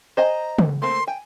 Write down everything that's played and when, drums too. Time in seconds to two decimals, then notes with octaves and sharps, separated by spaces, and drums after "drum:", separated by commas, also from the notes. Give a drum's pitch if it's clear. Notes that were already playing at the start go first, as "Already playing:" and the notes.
0.17 C5 D#5 G#5 A#5
0.58 drum: tom
0.82 A3 A#3 C4 C6
1.08 G5 G#5